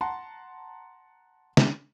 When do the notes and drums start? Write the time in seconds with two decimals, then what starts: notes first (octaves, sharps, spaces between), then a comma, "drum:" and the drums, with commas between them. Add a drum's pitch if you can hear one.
0.01 F#5 A5 A#5 C6
1.57 drum: snare